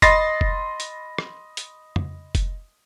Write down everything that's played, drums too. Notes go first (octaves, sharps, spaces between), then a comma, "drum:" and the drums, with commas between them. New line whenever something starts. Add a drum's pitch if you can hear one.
D#5 B5 C6 A6 A#6 C7, drum: kick F1, hi-hat
drum: kick F1
drum: hi-hat
drum: rim click
drum: hi-hat
drum: tom
drum: kick F1, hi-hat